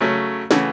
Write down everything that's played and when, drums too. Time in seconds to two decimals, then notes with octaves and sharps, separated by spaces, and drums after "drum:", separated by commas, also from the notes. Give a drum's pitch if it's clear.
0.01 C#3 F#3 A3 C#4
0.51 C#3 E3 A3 C#4 F#4, drum: snare